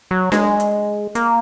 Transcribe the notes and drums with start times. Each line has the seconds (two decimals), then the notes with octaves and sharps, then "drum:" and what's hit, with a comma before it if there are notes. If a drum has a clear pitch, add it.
0.11 F#3
0.32 G#3, drum: snare D4
0.60 drum: hi-hat
1.15 A#3, drum: hi-hat